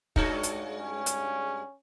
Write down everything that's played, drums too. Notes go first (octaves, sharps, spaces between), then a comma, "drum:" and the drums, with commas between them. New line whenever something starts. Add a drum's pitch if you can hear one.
G2 G#3 D#4 F#4 C#5, drum: kick
drum: hi-hat
C#4
drum: hi-hat